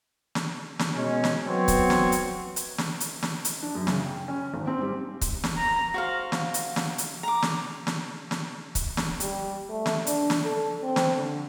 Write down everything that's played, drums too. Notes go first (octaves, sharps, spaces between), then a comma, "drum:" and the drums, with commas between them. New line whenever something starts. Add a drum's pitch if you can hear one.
drum: snare
drum: snare
B2 G#3 C#4
drum: snare
F#3 B3 C4 C#5
drum: kick C#1, hi-hat
drum: snare
drum: hi-hat
drum: hi-hat
drum: snare
drum: hi-hat
drum: snare
drum: hi-hat
D4
F#2
C#3, drum: snare
G5
C#4
G#1
C4
G3
drum: kick C#1, hi-hat
drum: snare
A#5
F#4 C5 F5
drum: snare
drum: hi-hat
drum: snare
drum: hi-hat
A#5 D6
drum: snare
drum: snare
drum: snare
drum: kick C#1, hi-hat
drum: snare
G3, drum: hi-hat
A3
drum: snare
D4, drum: hi-hat
drum: snare
A4
C4
drum: snare
D3